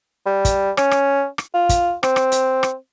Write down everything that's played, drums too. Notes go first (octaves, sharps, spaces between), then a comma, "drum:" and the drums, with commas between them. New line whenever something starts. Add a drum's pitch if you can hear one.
G3
drum: kick, hi-hat
C#4, drum: rim click
drum: rim click
drum: rim click
F4
drum: kick, hi-hat
C4, drum: rim click
drum: rim click
drum: hi-hat
drum: rim click